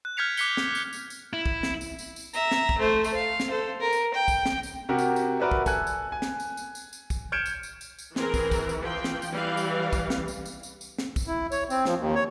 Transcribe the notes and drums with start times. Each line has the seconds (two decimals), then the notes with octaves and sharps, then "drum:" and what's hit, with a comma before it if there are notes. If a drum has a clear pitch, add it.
0.05 F#6
0.17 F6 G6 G#6 B6 C#7 F7
0.37 D6 F#6 B6 C#7 G7, drum: tambourine
0.57 drum: snare
0.75 drum: tambourine
0.93 drum: tambourine
1.10 drum: tambourine
1.33 E4
1.46 drum: kick
1.63 drum: snare
1.81 drum: tambourine
1.99 drum: tambourine
2.16 drum: tambourine
2.33 E5 A#5, drum: tambourine
2.51 drum: snare
2.69 drum: kick
2.78 A3 C5
3.04 drum: tambourine
3.14 F5
3.40 drum: snare
3.50 A4 C5
3.81 A#4
3.93 drum: tambourine
4.14 G5
4.28 drum: kick, tambourine
4.46 drum: snare
4.63 drum: tambourine
4.89 C3 F#4 G4 A#4
4.99 drum: tambourine
5.16 drum: tambourine
5.40 F#4 A#4 B4 D5 E5
5.51 drum: kick
5.66 A4 G#5 F#6, drum: kick, tambourine
5.87 drum: tambourine
6.12 G#5
6.22 drum: snare
6.40 drum: tambourine
6.57 drum: tambourine
6.75 drum: tambourine
6.93 drum: tambourine
7.10 drum: kick, tambourine
7.32 F6 G6 G#6 C#7 D7 E7
7.46 drum: tambourine
7.63 drum: tambourine
7.81 drum: tambourine
7.99 drum: tambourine
8.16 E3 C4 G#4 A#4, drum: snare
8.34 drum: kick, tambourine
8.51 drum: kick, tambourine
8.69 drum: tambourine
8.81 F3 G5
9.04 drum: snare
9.22 drum: tambourine
9.32 E3 G3 F5
9.57 drum: tambourine
9.93 drum: kick, tambourine
10.10 drum: snare
10.28 drum: tambourine
10.46 drum: tambourine
10.63 drum: tambourine
10.81 drum: tambourine
10.98 drum: snare
11.16 drum: kick, tambourine
11.27 E4
11.52 C#5, drum: tambourine
11.70 C4, drum: tambourine
11.85 F3, drum: snare
11.98 D#2
12.15 C#5